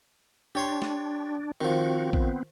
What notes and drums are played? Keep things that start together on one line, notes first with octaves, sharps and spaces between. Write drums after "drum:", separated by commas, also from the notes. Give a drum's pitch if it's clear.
D4 G4 C#5 C6
drum: snare
D#3 F3 C4 F#4
B3 C4, drum: kick